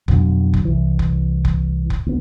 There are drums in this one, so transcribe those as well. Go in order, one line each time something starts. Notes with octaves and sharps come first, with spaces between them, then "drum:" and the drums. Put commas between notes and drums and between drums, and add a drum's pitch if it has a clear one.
F2 B2 D3 F#3, drum: kick F1
drum: kick F1
C2 E3
drum: kick F1
drum: kick F1
drum: kick F1
D2 B3